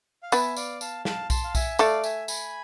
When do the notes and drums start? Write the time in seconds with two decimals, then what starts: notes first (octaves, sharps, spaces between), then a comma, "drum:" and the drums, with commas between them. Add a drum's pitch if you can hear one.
0.23 F5
0.32 B3 B4 E5 G#5, drum: tambourine
0.56 D5 F5, drum: tambourine
0.81 F5 A5, drum: tambourine
1.05 F5 A5, drum: snare
1.30 A5 C6, drum: kick B1, tambourine
1.44 F5
1.55 E5 G#5, drum: kick B1, tambourine
1.79 A3 A4 D5 F5, drum: tambourine
2.04 E5 G#5, drum: tambourine
2.28 G#5 B5, drum: tambourine